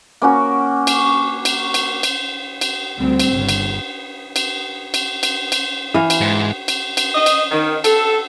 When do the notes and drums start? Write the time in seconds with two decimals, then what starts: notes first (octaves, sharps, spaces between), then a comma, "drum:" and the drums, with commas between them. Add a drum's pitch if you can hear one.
0.22 A#3 C#4 F#4
0.87 drum: cymbal
1.45 drum: cymbal
1.74 drum: cymbal
2.03 drum: cymbal
2.61 drum: cymbal
2.98 D2 G3 C4
3.20 drum: cymbal
3.32 G1 C#3
3.49 drum: cymbal
4.36 drum: cymbal
4.94 drum: cymbal
5.23 drum: cymbal
5.52 drum: cymbal
5.94 E3 F5
6.10 drum: cymbal
6.21 G#2
6.68 drum: cymbal
6.97 drum: cymbal
7.15 D#5
7.26 drum: cymbal
7.52 D#3
7.84 A4, drum: cymbal